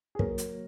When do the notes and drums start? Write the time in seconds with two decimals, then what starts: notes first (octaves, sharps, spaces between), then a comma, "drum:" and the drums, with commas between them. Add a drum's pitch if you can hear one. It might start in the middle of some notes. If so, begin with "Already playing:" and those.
0.15 G#4
0.19 F#3 A#3 F#4 A#4 C#5, drum: kick
0.38 drum: hi-hat